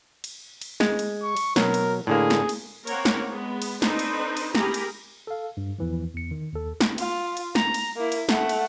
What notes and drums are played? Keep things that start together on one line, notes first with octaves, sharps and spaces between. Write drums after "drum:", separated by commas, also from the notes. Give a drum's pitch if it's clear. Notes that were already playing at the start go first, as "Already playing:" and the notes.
drum: cymbal
drum: cymbal
G#3, drum: snare
drum: cymbal
C#6
drum: cymbal
B2 F#3 A#4, drum: snare
drum: cymbal
A2 D3 A#3 G#4
drum: snare
drum: cymbal
A#3 C4 A#4 C#5 F#5, drum: cymbal
drum: snare
G#3 B3
drum: cymbal
C4 D4 D#4 A4 B4 C5, drum: snare
drum: cymbal
drum: cymbal
G4 G#4 A#4 A#5 B5, drum: snare
drum: cymbal
A4 F5
G2
E2 E3 F3
E2 C#7
D#3
D#2 A4
drum: snare
F4, drum: cymbal
drum: cymbal
A#5, drum: snare
drum: cymbal
A#3 E4
drum: cymbal
A3 F#5, drum: snare
drum: cymbal